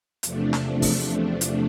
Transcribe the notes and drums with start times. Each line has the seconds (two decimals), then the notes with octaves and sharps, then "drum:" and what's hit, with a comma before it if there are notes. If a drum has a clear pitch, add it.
0.23 E2 C3 F3 A3 D4, drum: hi-hat
0.53 drum: snare
0.82 drum: kick, open hi-hat
1.41 drum: hi-hat